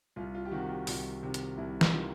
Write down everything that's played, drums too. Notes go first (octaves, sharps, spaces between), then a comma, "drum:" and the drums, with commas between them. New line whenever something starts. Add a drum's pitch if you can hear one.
C2 F4
F4
G4
C3 D#3 F#4
G4
C2 F4, drum: open hi-hat
C3 D#3
drum: hi-hat
C2 E4
drum: snare
C3 D#3 F4